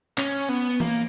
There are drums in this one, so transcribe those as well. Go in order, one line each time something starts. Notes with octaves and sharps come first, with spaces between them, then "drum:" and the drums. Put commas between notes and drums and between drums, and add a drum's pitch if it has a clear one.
C#4, drum: clap
B3
A#3, drum: tom E3